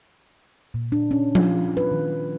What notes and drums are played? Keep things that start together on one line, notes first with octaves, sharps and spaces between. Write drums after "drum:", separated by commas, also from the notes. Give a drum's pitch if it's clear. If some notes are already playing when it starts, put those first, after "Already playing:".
A#2
D4
C#4
F4, drum: tom F3
B4
D#3